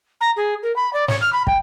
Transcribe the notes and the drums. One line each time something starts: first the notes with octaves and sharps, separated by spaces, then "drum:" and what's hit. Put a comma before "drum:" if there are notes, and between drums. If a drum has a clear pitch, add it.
A#5
G#4
A#4
B5
D5
C#5, drum: snare
F6
B5
G5, drum: kick